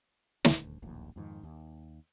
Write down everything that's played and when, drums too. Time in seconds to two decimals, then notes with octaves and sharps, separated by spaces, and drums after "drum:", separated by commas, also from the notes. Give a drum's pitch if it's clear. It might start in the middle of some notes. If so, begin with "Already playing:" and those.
0.45 D#1 D2, drum: snare
0.82 D1 A#1 D#2
1.16 F2 G#2 D#3
1.43 D#2